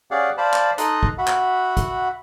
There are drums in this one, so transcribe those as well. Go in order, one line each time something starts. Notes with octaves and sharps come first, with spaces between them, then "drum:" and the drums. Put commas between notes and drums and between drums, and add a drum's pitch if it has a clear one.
C#4 G4 G#4 D5 F5 F#5
C5 D5 F5 A5 B5
drum: clap
D#4 A4 A#5 C6 D#6 F#6, drum: hi-hat
drum: kick
F#4 E5 F#5 B5
drum: clap
drum: kick, hi-hat